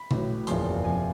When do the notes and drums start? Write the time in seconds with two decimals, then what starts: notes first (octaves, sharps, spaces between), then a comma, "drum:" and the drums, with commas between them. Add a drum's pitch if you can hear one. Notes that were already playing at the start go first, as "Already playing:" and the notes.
Already playing: B5
0.11 A1 A2 F#3, drum: tom A#2
0.47 F#1 E2 C#3 F3 C6, drum: hi-hat
0.84 C3 F3 G#5